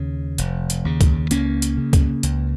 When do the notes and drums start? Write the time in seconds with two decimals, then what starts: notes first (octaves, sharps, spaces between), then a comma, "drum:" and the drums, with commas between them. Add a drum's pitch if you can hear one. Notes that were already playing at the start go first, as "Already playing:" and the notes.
Already playing: D#2 C#3
0.38 F1, drum: hi-hat
0.70 drum: hi-hat
0.85 D#2 C#3
1.01 drum: kick, hi-hat
1.31 C#2 A#3 C#4, drum: hi-hat
1.62 drum: hi-hat
1.77 C#3
1.93 drum: kick, hi-hat
2.23 C#2, drum: hi-hat